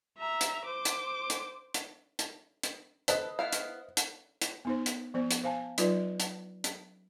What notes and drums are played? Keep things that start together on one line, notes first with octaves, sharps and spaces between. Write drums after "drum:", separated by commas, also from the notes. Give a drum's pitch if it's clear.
E5 A#5
drum: hi-hat
C5 D6
drum: hi-hat
drum: hi-hat
drum: hi-hat
drum: hi-hat
drum: hi-hat
A4 B4 C5 D#5, drum: hi-hat
B3 E4 F5
drum: hi-hat
drum: hi-hat
drum: hi-hat
B3 D#4 C5
drum: hi-hat
F3 B3 C5
drum: hi-hat
C5 F5 G#5 A5
F#3 D#4 F4 B4 D5, drum: hi-hat
drum: hi-hat
drum: hi-hat